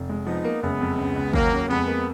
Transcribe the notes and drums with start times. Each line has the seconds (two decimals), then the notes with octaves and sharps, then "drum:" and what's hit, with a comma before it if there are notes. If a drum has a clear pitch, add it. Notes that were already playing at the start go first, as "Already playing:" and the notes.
Already playing: F1
0.09 G#3
0.27 F3 B3 D#4
0.45 A#3
0.62 F#1 G#3 B3
0.81 F2
0.98 C#2
1.16 C#2
1.33 D#2 F#3 A#3, drum: kick
1.52 C#3
1.69 F2 G#3 B3
1.87 A#3